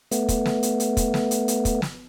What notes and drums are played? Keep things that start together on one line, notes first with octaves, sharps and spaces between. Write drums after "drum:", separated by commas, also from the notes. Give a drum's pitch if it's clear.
A3 B3, drum: hi-hat
drum: kick, hi-hat
drum: snare
drum: hi-hat
drum: hi-hat
drum: kick, hi-hat
drum: snare
drum: hi-hat
drum: hi-hat
drum: kick, hi-hat
drum: snare